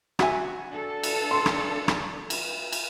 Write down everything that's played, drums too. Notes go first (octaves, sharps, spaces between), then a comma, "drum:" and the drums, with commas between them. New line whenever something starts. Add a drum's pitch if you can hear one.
F#4 E5 G#5, drum: rim click
D4 A4
drum: cymbal
C6
drum: rim click
drum: rim click
drum: cymbal
drum: cymbal